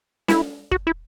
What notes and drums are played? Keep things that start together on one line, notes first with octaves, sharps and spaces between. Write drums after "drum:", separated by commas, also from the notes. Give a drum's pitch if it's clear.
E4, drum: snare
F#4, drum: kick
E4